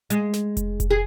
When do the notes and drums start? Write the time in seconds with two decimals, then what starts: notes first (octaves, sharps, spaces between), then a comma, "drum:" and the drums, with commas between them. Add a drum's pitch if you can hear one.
0.10 G#3, drum: hi-hat
0.33 drum: snare
0.57 drum: kick F1, hi-hat
0.80 drum: kick F1, hi-hat
0.91 G#4